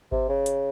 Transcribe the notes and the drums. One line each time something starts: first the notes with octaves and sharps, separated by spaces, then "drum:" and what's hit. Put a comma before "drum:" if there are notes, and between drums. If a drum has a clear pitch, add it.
C3, drum: kick G#1
C#3
drum: hi-hat